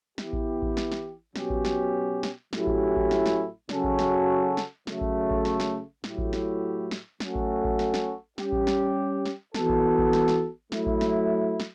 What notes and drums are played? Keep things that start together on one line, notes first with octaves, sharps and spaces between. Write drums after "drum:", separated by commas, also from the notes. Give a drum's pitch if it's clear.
E3 B3 E4 G4, drum: snare
drum: kick A1
drum: kick A1
drum: snare
drum: snare
B2 F#3 C#4 G4, drum: snare
drum: kick A1
drum: snare
drum: snare
A2 F#3 C#4 E4 G4, drum: snare
drum: kick A1
drum: kick A1
drum: snare
drum: snare
C#3 F#3 C#4 F#4 A4, drum: snare
drum: kick A1
drum: snare
drum: snare
C#3 F#3 A3, drum: snare
drum: kick A1
drum: kick A1
drum: snare
drum: snare
A2 F#3 A3 E4 G4, drum: snare
drum: kick A1
drum: snare
drum: snare
F#3 A3 C#4 F#4 A4, drum: snare
drum: kick A1
drum: kick A1
drum: snare
drum: snare
G3 C#4 G4, drum: snare
drum: kick A1
drum: snare
drum: snare
E3 B3 F#4 A4, drum: snare
drum: kick A1
drum: kick A1
drum: snare
drum: snare
F#3 A3 E4, drum: snare
drum: kick A1
drum: snare
drum: snare